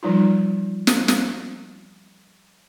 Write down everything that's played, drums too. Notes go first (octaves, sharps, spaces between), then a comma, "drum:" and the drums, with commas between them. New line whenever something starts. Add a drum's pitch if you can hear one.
E3 F3 G3 D#4 F4
drum: snare
drum: snare